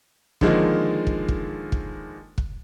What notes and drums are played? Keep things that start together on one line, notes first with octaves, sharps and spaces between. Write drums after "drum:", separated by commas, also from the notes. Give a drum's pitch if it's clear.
D3 D#3 F3 G#3 A#3, drum: kick
drum: kick
drum: kick
drum: kick
drum: kick